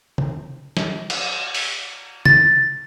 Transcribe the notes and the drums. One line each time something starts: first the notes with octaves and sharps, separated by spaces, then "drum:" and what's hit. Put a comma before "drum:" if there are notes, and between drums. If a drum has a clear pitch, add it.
drum: tom
drum: snare
drum: cymbal
drum: open hi-hat
A6, drum: tom